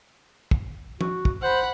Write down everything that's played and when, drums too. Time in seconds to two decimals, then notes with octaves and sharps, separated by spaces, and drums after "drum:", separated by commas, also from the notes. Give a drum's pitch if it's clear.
0.51 drum: kick
1.01 F#4, drum: tom
1.25 drum: kick
1.43 C5 F#5 B5